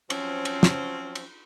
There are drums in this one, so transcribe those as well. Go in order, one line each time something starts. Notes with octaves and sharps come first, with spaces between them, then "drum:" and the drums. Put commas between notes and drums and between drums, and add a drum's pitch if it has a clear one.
F3 F#3 C4 C#4, drum: cymbal
drum: cymbal
drum: snare
drum: cymbal